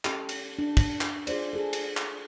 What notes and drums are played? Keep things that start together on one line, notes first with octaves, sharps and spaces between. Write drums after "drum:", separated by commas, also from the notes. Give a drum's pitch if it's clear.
C#4 G4 A4, drum: clap
drum: cymbal
D4
drum: kick, cymbal
drum: clap
F4 G#4 C5 D5, drum: cymbal
G#4 A4
drum: cymbal
drum: clap